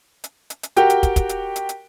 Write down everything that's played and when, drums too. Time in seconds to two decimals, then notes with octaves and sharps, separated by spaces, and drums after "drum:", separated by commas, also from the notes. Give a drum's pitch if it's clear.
0.24 drum: hi-hat
0.50 drum: hi-hat
0.63 drum: hi-hat
0.76 F#4 G4 A#4 G5, drum: hi-hat
0.90 drum: hi-hat
1.03 drum: kick, hi-hat
1.16 drum: kick, hi-hat
1.29 drum: hi-hat
1.56 drum: hi-hat
1.69 drum: hi-hat